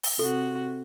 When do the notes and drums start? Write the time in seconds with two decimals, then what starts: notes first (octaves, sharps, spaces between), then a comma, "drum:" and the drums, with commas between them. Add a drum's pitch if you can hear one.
0.03 drum: open hi-hat
0.19 C3 F#4 A4